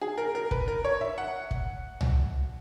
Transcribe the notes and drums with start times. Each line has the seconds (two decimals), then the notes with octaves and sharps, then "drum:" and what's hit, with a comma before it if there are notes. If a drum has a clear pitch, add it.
0.02 G#4
0.18 A#4
0.35 A#4
0.51 B4, drum: kick
0.68 A#4
0.85 C#5
1.01 E5
1.18 F#5
1.51 drum: kick
2.01 drum: tom C2